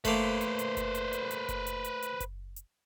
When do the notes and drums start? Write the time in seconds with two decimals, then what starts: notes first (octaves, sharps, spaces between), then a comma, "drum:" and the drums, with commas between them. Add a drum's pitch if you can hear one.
0.05 A3 A#3 B4 C5, drum: kick F#1, hi-hat
0.41 drum: hi-hat
0.59 drum: hi-hat
0.77 drum: kick F#1, hi-hat
0.95 drum: hi-hat
1.13 drum: hi-hat
1.31 drum: hi-hat
1.49 drum: kick F#1, hi-hat
1.67 drum: hi-hat
1.84 drum: hi-hat
2.02 drum: hi-hat
2.20 drum: kick F#1, hi-hat
2.56 drum: hi-hat